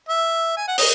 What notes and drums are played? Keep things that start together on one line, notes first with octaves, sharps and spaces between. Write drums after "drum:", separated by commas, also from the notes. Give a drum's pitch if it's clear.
E5
G#5
F#5
D#5, drum: open hi-hat